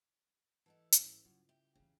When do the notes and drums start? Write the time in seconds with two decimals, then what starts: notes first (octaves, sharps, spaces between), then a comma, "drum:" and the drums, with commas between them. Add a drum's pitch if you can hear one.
0.66 E3 A3 A4 D#5 F#5 A5
0.92 G#2 G3 C#4 E4 C#5, drum: hi-hat
1.25 F#2 C#3 F4
1.49 G4 E5
1.75 F2 C#3 E3